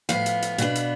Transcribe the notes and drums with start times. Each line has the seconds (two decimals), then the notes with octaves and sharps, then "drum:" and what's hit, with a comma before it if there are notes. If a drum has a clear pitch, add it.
0.09 A2 F3 B3 F5, drum: hi-hat
0.26 drum: hi-hat
0.42 drum: hi-hat
0.58 B2 B3 D4, drum: hi-hat
0.75 drum: hi-hat